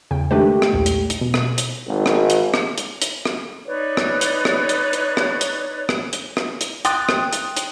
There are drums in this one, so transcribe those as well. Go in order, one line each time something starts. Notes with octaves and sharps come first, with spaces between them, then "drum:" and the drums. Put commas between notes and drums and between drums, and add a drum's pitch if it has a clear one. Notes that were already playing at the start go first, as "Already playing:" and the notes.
E2 C#3 G5
D#3 G#3 A3 D4 G4 B4
drum: rim click
B1 E2 A#2
drum: hi-hat
drum: hi-hat
B2
drum: rim click
drum: hi-hat
G#1
drum: rim click
drum: hi-hat
drum: rim click
drum: hi-hat
drum: hi-hat
drum: rim click
D#4 B4 C#5 D5
drum: rim click
drum: hi-hat
drum: rim click
drum: hi-hat
drum: hi-hat
drum: rim click
drum: hi-hat
drum: rim click
drum: hi-hat
drum: rim click
drum: hi-hat
G5 C6 D#6 F#6 A6, drum: hi-hat
drum: rim click
drum: hi-hat
drum: hi-hat